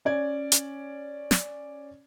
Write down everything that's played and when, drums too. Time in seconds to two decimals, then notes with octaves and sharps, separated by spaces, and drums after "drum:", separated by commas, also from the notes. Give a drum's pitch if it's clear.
0.05 C#4 D5 G#6
0.52 drum: hi-hat
1.31 drum: snare